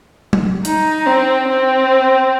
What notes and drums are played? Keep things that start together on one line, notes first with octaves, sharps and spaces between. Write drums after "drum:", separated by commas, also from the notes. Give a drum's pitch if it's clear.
drum: tom F#3
D#4, drum: hi-hat
C4
C4